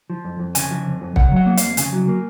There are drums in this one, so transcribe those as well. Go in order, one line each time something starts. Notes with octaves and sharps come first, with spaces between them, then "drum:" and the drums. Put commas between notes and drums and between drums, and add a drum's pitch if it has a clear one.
F3
F2
F2
C#3 G#5, drum: hi-hat
F3
F2
F2
C#3 F#5, drum: kick
F#3 F#5
A#3
F2 F5, drum: hi-hat
C#3 G#5, drum: hi-hat
F#3
A#3